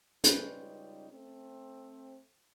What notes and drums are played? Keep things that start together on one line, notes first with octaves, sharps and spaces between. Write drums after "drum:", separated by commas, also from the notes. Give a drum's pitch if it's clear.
C#2 G3 C#4 D#4 B4 C5, drum: hi-hat
A3 C4